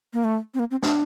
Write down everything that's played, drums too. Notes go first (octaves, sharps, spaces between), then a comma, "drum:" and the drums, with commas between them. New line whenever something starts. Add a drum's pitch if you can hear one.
A#3
A3
C4
A#3
C4
D4, drum: snare